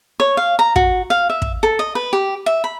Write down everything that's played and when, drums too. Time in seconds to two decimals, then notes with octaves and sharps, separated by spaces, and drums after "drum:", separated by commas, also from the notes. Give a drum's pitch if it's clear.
0.20 C#5
0.37 F5
0.59 A#5
0.76 F#4, drum: kick
1.10 F5
1.30 E5
1.42 drum: kick
1.63 A4
1.79 D#5
1.95 B4
2.13 G4
2.46 E5
2.64 B5